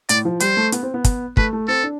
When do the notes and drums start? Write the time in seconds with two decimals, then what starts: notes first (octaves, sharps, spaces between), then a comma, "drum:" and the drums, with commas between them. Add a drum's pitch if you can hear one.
0.09 A2 D5, drum: hi-hat
0.25 F3
0.40 G3 C5, drum: hi-hat
0.57 A3
0.72 B3, drum: hi-hat
0.83 C4
0.94 B3
1.04 drum: kick, hi-hat
1.37 A3 B4, drum: kick
1.53 A3
1.67 C4 A4
1.83 D4